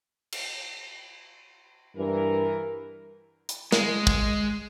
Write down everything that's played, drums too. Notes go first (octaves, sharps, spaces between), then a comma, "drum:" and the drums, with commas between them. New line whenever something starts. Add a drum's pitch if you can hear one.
drum: cymbal
G2 E3 A#4
drum: hi-hat
G#3, drum: snare
drum: kick